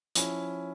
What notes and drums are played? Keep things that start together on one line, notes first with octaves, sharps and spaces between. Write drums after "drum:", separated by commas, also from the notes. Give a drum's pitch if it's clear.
F3 C#4 E4, drum: hi-hat